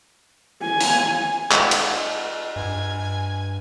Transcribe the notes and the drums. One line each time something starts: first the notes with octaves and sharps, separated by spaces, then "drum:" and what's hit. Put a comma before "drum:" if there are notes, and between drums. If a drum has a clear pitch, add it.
G#5
drum: open hi-hat
drum: clap
drum: cymbal
G2 G#5